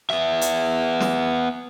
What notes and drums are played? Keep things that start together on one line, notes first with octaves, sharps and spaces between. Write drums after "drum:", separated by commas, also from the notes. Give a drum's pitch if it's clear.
B3 E5, drum: rim click
drum: hi-hat
drum: snare